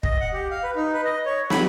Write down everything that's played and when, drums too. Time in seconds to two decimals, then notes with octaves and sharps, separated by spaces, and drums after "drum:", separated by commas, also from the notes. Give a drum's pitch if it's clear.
0.03 D#5, drum: kick
0.21 F#5
0.33 G4
0.51 F5
0.63 B4
0.76 D#4
0.93 B4
1.05 D#5
1.26 C#5
1.50 B5, drum: snare